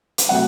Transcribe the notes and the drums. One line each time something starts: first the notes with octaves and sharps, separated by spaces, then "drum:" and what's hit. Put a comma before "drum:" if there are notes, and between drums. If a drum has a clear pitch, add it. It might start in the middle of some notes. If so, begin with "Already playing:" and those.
drum: hi-hat
C3 F#3 A3 F#5